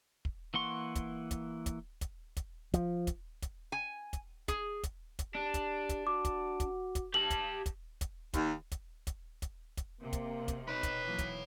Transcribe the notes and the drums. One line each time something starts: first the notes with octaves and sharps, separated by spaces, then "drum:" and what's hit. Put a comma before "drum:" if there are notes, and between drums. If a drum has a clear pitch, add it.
drum: kick
E3 A#3 F#5 C6 C#6
drum: kick, hi-hat
drum: kick, hi-hat
drum: kick, hi-hat
drum: kick, hi-hat
drum: kick, hi-hat
F3, drum: kick, hi-hat
drum: kick, hi-hat
drum: kick, hi-hat
G#5
drum: kick, hi-hat
G#4, drum: kick, hi-hat
drum: kick, hi-hat
drum: kick, hi-hat
D4 G4
drum: kick, hi-hat
drum: kick, hi-hat
F#4 D6
drum: kick, hi-hat
drum: kick, hi-hat
drum: kick, hi-hat
G4 A5 F#7
drum: kick, hi-hat
drum: kick, hi-hat
drum: kick, hi-hat
D#2, drum: kick, hi-hat
drum: kick, hi-hat
drum: kick, hi-hat
drum: kick, hi-hat
drum: kick, hi-hat
C3 A#3
drum: kick, hi-hat
drum: kick, hi-hat
D#4 B4 C#5 B5
drum: kick, hi-hat
E3 F#3 A#3
drum: kick, hi-hat